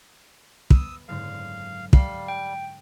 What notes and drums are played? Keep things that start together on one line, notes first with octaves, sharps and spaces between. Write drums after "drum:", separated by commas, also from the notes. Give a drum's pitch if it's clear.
B3 D#6 E6, drum: kick
F#1 G#2 D3 F5
G3 F5 F6 D7, drum: kick
G5